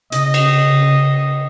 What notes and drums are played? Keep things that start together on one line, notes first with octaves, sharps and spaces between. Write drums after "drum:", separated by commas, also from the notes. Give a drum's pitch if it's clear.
C#3 D#5, drum: hi-hat
drum: cymbal